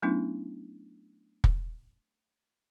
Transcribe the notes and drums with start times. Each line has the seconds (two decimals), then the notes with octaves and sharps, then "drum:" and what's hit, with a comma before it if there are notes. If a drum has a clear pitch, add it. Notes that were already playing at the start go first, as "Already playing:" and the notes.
0.02 F#3 A3 B3 C#4 D4 E4
1.44 drum: kick